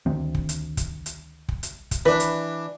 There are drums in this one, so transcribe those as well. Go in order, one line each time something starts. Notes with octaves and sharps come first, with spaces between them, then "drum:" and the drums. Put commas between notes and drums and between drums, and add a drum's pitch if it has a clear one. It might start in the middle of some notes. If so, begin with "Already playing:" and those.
D2 D#3 C4
drum: kick
drum: hi-hat
drum: kick, hi-hat
drum: hi-hat
drum: kick
drum: hi-hat
drum: kick, hi-hat
E3 D4 B4
drum: hi-hat